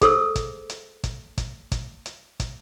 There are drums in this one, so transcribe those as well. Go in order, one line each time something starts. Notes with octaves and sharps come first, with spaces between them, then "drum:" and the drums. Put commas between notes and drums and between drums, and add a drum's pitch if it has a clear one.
G#4 A4 C5 E6, drum: kick, hi-hat
drum: kick, hi-hat
drum: hi-hat
drum: kick, hi-hat
drum: kick, hi-hat
drum: kick, hi-hat
drum: hi-hat
drum: kick, hi-hat